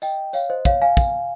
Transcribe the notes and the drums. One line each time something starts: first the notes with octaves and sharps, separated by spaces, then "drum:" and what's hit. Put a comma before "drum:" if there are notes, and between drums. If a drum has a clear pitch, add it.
D#5 G5, drum: tambourine
C#5 F5, drum: tambourine
C5 D#5
C#5 F5, drum: kick, tambourine
F5 G#5
drum: kick, tambourine